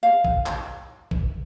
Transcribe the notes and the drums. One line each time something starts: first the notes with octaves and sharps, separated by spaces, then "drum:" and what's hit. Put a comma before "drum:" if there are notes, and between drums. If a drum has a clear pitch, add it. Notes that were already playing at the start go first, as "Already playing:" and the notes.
F5
drum: kick
drum: clap
drum: kick